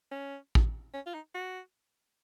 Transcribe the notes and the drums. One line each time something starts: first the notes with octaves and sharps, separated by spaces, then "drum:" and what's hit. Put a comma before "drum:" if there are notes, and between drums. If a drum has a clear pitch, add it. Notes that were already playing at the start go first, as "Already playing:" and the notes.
C#4
drum: kick A1
C#4
F4
D#4
F#4